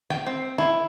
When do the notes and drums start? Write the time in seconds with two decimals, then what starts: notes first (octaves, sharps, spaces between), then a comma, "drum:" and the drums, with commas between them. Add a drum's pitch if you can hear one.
0.10 G5, drum: snare
0.27 C4
0.58 E4, drum: snare